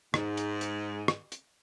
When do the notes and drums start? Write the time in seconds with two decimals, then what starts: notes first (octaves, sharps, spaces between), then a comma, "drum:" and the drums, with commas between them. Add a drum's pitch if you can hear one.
0.14 G#2, drum: rim click
0.37 drum: hi-hat
0.61 drum: hi-hat
1.08 drum: rim click
1.32 drum: hi-hat